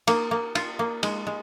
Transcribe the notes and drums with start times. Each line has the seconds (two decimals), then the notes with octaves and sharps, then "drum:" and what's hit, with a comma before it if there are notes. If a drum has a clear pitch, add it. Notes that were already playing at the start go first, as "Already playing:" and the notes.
0.07 A#3, drum: cymbal
0.31 A#3
0.55 F4, drum: cymbal
0.79 A#3
1.03 G#3, drum: cymbal
1.27 G#3